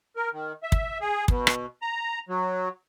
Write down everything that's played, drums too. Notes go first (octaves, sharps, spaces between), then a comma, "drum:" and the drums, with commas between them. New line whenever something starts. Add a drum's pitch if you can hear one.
A#4
D#3
E5
drum: kick
G#4
B2, drum: kick
drum: rim click
A#5
F#3